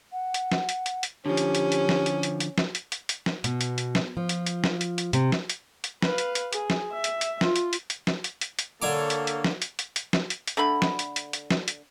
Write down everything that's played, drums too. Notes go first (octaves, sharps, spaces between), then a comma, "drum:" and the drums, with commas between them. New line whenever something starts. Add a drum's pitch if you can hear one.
F#5
drum: hi-hat
drum: snare
drum: hi-hat
drum: hi-hat
drum: hi-hat
D3 F3 C#4 G4
drum: hi-hat
drum: hi-hat
drum: hi-hat
drum: snare
drum: hi-hat
drum: hi-hat
drum: hi-hat
drum: snare
drum: hi-hat
drum: hi-hat
drum: hi-hat
drum: snare
B2, drum: hi-hat
drum: hi-hat
drum: hi-hat
drum: snare
F3
drum: hi-hat
drum: hi-hat
drum: snare
drum: hi-hat
drum: hi-hat
C3, drum: hi-hat
drum: snare
drum: hi-hat
drum: hi-hat
B4 F5, drum: snare
drum: hi-hat
drum: hi-hat
G#4, drum: hi-hat
drum: snare
E5
drum: hi-hat
drum: hi-hat
F4, drum: snare
drum: hi-hat
drum: hi-hat
drum: hi-hat
drum: snare
drum: hi-hat
drum: hi-hat
drum: hi-hat
D3 A#3 A4 C#5 G#5 D6
drum: hi-hat
drum: hi-hat
drum: snare
drum: hi-hat
drum: hi-hat
drum: hi-hat
drum: snare
drum: hi-hat
drum: hi-hat
D3 A3 B5
drum: snare
drum: hi-hat
drum: hi-hat
drum: hi-hat
drum: snare
drum: hi-hat